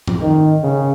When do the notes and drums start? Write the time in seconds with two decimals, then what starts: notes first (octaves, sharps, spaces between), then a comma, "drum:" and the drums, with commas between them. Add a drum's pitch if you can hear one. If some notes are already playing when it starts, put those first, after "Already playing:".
0.07 drum: tom G#2
0.21 D#3
0.63 C#3